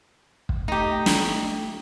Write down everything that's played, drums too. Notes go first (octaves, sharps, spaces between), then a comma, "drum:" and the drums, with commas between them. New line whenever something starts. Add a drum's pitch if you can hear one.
drum: kick
A3 D#4 G4
drum: snare